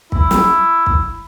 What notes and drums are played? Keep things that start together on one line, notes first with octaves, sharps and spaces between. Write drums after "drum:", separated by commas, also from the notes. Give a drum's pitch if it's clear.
E4, drum: kick
drum: snare
drum: kick